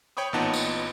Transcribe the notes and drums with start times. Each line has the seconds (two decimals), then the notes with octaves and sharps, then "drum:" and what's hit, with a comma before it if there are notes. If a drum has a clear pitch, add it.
0.17 C#5 G5 B5 C#6 D#6
0.33 A1 A#2 B3 D#4 F#5 A5
0.53 drum: tambourine